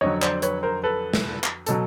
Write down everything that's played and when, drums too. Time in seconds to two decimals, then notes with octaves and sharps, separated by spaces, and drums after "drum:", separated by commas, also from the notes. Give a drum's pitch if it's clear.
0.01 F2 D3 F#3 C#5 D#5
0.22 C5 D5, drum: clap
0.42 B4 C#5, drum: hi-hat
0.63 A#4 C5
0.84 A4 B4
1.14 drum: snare
1.44 drum: clap
1.66 B2 F#3 A4, drum: hi-hat